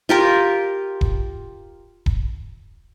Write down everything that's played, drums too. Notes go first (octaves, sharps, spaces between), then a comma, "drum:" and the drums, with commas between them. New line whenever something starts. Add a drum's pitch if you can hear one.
F4 G4 A#4
drum: kick D#1
drum: kick D#1